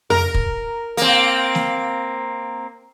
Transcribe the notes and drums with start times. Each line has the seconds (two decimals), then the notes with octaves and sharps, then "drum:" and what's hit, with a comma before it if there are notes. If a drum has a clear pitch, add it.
0.10 A#4, drum: tom F2
0.34 drum: kick
0.97 A#3 C4, drum: hi-hat
1.55 drum: snare